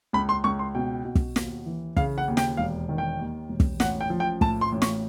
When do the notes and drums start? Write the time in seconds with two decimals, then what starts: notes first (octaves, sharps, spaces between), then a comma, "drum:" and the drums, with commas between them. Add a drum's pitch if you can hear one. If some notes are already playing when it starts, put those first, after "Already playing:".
0.13 C#2 B5
0.29 C6
0.44 C#2 C#6
0.59 C6
0.75 B2 G5
1.05 B2
1.15 drum: kick
1.36 D#2, drum: snare
1.66 E3
1.97 C#3 F5, drum: kick
2.18 F#5
2.28 D#2
2.37 G5, drum: snare
2.57 E1 F5
2.89 D#3
2.98 G5
3.19 D#2
3.49 E1
3.60 drum: kick
3.80 A1 F#5, drum: snare
4.01 G5
4.10 F3
4.20 G5
4.41 A2 A5, drum: kick
4.61 C6
4.72 A1
4.82 C#6, drum: snare